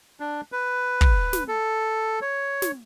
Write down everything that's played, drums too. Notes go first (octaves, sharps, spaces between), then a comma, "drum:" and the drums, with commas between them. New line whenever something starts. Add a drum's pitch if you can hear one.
D4
B4
drum: kick
drum: snare
A4
C#5
drum: snare